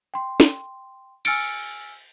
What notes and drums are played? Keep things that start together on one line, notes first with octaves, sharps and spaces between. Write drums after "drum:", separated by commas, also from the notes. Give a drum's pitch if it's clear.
G5 C6
drum: snare
G#5 E6 F6 A6 C#7 D7, drum: cymbal